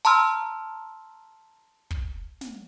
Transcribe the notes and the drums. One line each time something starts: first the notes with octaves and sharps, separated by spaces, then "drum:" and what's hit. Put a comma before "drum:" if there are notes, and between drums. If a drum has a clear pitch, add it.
A5 A#5 C6 E6 F6, drum: open hi-hat
drum: kick
drum: snare